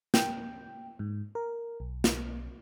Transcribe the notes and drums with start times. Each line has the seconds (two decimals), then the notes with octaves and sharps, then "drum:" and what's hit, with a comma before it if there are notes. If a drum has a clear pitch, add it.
0.14 G5, drum: snare
0.99 G#2
1.35 A#4
1.80 B1
2.04 drum: snare